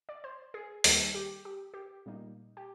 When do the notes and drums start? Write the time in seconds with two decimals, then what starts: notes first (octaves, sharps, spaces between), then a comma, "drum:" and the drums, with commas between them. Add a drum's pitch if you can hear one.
0.09 D5
0.24 C5
0.54 G#4
0.84 D#2 D#3 G3 A#3 G#4, drum: open hi-hat
1.14 G4
1.45 G4
1.74 G4
2.06 A#2 G3 A#3 D#4
2.57 G4